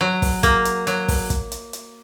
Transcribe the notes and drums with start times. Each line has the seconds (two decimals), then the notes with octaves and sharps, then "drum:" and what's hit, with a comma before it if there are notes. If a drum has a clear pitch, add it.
0.01 F#3
0.22 drum: kick, open hi-hat
0.43 A#3, drum: kick, hi-hat
0.65 drum: hi-hat
0.87 F#3, drum: hi-hat
1.08 drum: kick, open hi-hat
1.30 drum: kick, hi-hat
1.52 drum: hi-hat
1.73 drum: hi-hat